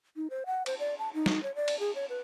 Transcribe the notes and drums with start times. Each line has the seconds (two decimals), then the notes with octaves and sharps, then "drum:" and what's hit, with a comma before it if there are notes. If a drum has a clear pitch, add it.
0.16 D#4
0.30 C5
0.46 F#5
0.66 C5, drum: cymbal
0.79 D5
0.99 A5
1.14 D#4
1.26 drum: snare
1.43 C#5
1.55 D5
1.68 drum: cymbal
1.80 G#4
1.95 C#5
2.10 B4